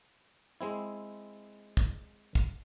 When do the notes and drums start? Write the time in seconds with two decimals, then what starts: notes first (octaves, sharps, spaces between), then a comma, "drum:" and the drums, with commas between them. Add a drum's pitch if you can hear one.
0.61 G#3 C4 E4
1.77 drum: kick
2.35 drum: kick